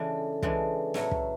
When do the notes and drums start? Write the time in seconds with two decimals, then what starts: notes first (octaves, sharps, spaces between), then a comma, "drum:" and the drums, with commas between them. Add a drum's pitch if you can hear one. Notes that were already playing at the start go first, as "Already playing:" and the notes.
Already playing: C#3 E3 G#3 D4 A4
0.17 A4
0.33 A4
0.42 C#3 E3 G#3 D4 B4, drum: kick
0.94 A2 F#3 A3 E4 B4, drum: snare
1.11 drum: kick